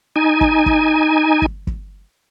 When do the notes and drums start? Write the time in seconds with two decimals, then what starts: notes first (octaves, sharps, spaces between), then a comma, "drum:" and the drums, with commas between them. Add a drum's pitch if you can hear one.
0.16 D#4 G#5
0.41 drum: kick
0.66 drum: kick
1.42 drum: kick
1.67 drum: kick